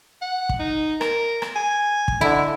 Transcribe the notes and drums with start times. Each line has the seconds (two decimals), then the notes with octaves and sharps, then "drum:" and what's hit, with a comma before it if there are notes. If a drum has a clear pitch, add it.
0.22 F#5
0.49 drum: kick
0.59 D#4
1.01 A#4, drum: rim click
1.42 drum: rim click
1.56 G#5
2.08 drum: kick
2.21 D3 E4